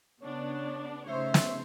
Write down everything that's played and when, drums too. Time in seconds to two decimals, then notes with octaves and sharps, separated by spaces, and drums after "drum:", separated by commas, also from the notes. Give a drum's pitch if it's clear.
0.22 C#3 B3 D4 C#5
1.08 C#3 A3 D#4 C5 C#5 E5
1.34 drum: snare